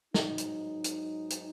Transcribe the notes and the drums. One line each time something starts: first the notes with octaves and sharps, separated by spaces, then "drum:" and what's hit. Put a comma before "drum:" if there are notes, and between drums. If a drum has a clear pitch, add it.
G#2 F#3 D#4, drum: snare
drum: hi-hat
drum: hi-hat
drum: hi-hat